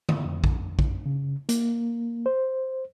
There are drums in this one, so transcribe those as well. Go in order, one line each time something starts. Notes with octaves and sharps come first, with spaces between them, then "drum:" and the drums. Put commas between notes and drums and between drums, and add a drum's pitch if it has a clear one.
drum: tom D3
F2
drum: kick A#1
drum: kick A#1
C#3
A#3, drum: hi-hat
C5